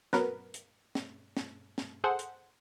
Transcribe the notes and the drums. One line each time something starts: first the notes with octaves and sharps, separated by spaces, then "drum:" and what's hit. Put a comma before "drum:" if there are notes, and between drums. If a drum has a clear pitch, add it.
F#3 B3 A#4 B4, drum: snare
drum: hi-hat
drum: snare
drum: snare
drum: snare
G#4 A4 C5 F#5
drum: hi-hat